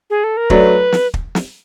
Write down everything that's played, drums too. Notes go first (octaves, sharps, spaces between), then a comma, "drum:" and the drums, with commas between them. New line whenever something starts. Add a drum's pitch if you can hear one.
G#4
A4
A#4
F#3 A3 D4 B4, drum: kick
drum: snare
drum: kick
drum: snare